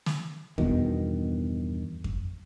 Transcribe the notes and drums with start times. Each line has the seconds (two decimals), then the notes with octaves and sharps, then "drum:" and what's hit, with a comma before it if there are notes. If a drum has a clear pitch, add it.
0.06 drum: snare
0.58 E2 G2 B2 D#3, drum: kick F2
2.04 drum: kick F2